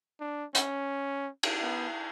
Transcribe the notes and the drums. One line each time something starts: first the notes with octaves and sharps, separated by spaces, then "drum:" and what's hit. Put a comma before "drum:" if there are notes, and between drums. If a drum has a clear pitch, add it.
D4
C#4, drum: hi-hat
drum: cymbal
B3